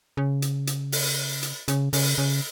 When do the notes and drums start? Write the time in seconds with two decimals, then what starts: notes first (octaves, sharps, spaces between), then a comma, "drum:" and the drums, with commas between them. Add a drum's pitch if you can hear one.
0.17 C#3
0.42 drum: hi-hat
0.67 drum: hi-hat
0.92 drum: open hi-hat
1.43 drum: hi-hat
1.68 C#3, drum: hi-hat
1.93 C#3, drum: open hi-hat
2.18 C#3